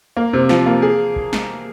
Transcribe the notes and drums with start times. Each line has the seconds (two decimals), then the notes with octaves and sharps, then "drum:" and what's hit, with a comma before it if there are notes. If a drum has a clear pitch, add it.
0.17 A#3
0.33 C3
0.49 F3, drum: snare
0.66 A#3
0.82 G#4
1.16 drum: kick A1
1.33 drum: snare